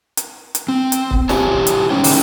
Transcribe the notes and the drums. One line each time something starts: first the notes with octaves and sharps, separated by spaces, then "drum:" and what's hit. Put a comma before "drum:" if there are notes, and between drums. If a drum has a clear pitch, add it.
drum: hi-hat
drum: hi-hat
C4
drum: hi-hat
drum: kick
E4 G4 C5 C#5 G#5 A5, drum: snare
drum: hi-hat
D3 G#3 C#4 D#4 E4 G5
drum: open hi-hat